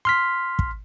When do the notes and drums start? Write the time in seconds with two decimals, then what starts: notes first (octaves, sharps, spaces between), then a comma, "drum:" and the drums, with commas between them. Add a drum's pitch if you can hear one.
0.05 C6 F6 B6
0.59 drum: kick